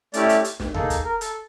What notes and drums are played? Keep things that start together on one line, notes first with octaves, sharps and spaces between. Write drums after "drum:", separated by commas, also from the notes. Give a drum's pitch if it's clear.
A3 C#4 E4 G4 D5, drum: hi-hat
drum: hi-hat
drum: hi-hat
drum: snare
A#3 D#4 G#4 A4, drum: tom D#2
drum: kick, hi-hat
A#4
A4, drum: hi-hat